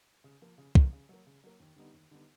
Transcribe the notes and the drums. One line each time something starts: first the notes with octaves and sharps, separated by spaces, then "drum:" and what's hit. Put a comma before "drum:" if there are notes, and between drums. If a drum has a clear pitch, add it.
C#3
F3 A#3
C#3
F3 A#3, drum: kick
C#3
F#3 A#3
C#3
F#3 A#3
D#2
D3 G3 B3 D#4
D#2
D3 G3 B3 D#4